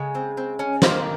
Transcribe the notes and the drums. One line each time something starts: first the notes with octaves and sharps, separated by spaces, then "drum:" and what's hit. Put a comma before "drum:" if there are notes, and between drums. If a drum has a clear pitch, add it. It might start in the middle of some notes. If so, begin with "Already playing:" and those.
Already playing: C#3 G#3
C4
C4
C#4
D#3 A#3 C5, drum: snare